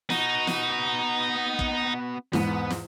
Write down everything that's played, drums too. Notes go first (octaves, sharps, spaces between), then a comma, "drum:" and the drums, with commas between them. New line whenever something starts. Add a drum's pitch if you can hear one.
B3 D#4 F#4, drum: snare
drum: snare
drum: kick
E2 G#2 B3, drum: snare
drum: snare